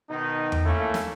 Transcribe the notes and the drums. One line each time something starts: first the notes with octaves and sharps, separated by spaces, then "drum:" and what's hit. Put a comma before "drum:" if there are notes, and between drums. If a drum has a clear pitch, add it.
B2 D#3 D#4
drum: tom E2
A3 A#3 C#4 E4 A4
drum: snare